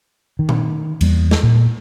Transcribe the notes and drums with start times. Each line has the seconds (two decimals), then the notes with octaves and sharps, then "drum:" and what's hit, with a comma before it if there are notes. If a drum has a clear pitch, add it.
0.39 D#3
0.49 drum: tom A#2
1.01 E2 G3 A#3, drum: cymbal
1.31 drum: snare
1.43 A#2